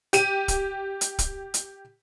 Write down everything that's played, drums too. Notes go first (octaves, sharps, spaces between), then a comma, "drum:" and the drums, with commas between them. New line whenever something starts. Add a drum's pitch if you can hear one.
G4 D#7, drum: hi-hat
drum: kick, hi-hat
drum: hi-hat
drum: kick, hi-hat
drum: hi-hat